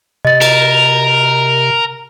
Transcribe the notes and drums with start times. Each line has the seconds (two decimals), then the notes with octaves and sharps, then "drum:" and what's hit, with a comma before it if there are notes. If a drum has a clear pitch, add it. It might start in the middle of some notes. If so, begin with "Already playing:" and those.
0.25 C3 D#5 A6
0.42 A#4, drum: cymbal